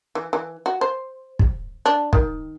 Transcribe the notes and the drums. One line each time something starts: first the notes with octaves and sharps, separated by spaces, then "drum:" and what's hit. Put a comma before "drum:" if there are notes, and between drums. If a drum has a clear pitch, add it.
E3
E3
F#4
C5
drum: kick
D4
D#3, drum: kick